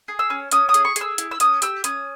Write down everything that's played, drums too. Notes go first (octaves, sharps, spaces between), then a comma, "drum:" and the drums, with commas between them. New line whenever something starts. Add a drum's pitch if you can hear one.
G#4
E6
C#4
C#4 D#6, drum: hi-hat
D#6
G#4, drum: hi-hat
C#6
G#4, drum: hi-hat
E6
E4, drum: hi-hat
E6
C#4 D#6, drum: hi-hat
G4 E6, drum: hi-hat
C#4 D#6, drum: hi-hat